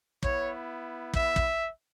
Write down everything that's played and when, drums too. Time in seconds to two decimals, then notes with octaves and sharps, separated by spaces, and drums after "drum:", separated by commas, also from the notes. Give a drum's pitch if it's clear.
0.23 B3 E4 C#5, drum: kick
1.14 E5, drum: kick
1.36 drum: kick